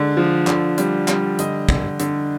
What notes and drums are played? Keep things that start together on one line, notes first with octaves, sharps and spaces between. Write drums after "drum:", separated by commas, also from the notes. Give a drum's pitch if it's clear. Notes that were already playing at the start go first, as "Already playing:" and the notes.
Already playing: D3 G#3 D5
F3
D3, drum: clap
G3, drum: hi-hat
G3, drum: clap
D3 D#5, drum: hi-hat
D3, drum: kick
D3, drum: hi-hat